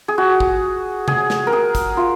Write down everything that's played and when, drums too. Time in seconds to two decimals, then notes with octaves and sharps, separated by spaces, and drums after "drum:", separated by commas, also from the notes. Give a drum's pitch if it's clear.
0.08 G#4
0.18 F#4
0.40 drum: kick
1.08 G#4, drum: tom C3
1.30 drum: snare
1.47 A#4
1.53 G#4
1.75 drum: kick, hi-hat
1.97 F4